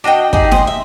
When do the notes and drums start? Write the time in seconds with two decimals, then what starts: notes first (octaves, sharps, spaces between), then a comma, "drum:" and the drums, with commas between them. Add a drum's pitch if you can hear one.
0.04 D4 F#4 D#5 G5
0.33 D#4 G4 G#4, drum: kick
0.51 G#4 C5, drum: snare
0.67 E5